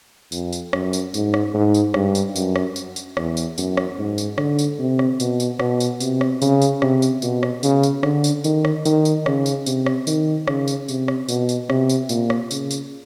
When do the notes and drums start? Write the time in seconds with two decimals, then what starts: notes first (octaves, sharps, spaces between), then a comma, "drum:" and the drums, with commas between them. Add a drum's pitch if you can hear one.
0.32 F2, drum: tambourine
0.53 drum: tambourine
0.73 F#2, drum: rim click
0.93 drum: tambourine
1.14 G#2, drum: tambourine
1.34 drum: rim click
1.54 G#2
1.74 drum: tambourine
1.94 G2, drum: rim click
2.15 drum: tambourine
2.36 F#2, drum: tambourine
2.56 drum: rim click
2.76 drum: tambourine
2.96 drum: tambourine
3.17 E2, drum: rim click
3.37 drum: tambourine
3.58 F#2, drum: tambourine
3.77 drum: rim click
3.98 G#2
4.18 drum: tambourine
4.38 D3, drum: rim click
4.59 drum: tambourine
4.79 C3
4.99 drum: rim click
5.20 B2, drum: tambourine
5.40 drum: tambourine
5.60 B2, drum: rim click
5.80 drum: tambourine
6.00 C3, drum: tambourine
6.21 drum: rim click
6.42 C#3, drum: tambourine
6.62 drum: tambourine
6.82 C3, drum: rim click
7.02 drum: tambourine
7.22 B2, drum: tambourine
7.43 drum: rim click
7.63 C#3, drum: tambourine
7.83 drum: tambourine
8.03 D3, drum: rim click
8.24 drum: tambourine
8.44 D#3, drum: tambourine
8.65 drum: rim click
8.85 D#3, drum: tambourine
9.05 drum: tambourine
9.26 C#3, drum: rim click
9.46 drum: tambourine
9.66 C3, drum: tambourine
9.86 drum: rim click
10.07 D#3, drum: tambourine
10.47 C#3, drum: rim click
10.68 drum: tambourine
10.88 C3, drum: tambourine
11.08 drum: rim click
11.29 B2, drum: tambourine
11.49 drum: tambourine
11.70 C3, drum: rim click
11.89 drum: tambourine
12.09 A#2, drum: tambourine
12.30 drum: rim click
12.51 C#3, drum: tambourine
12.71 drum: tambourine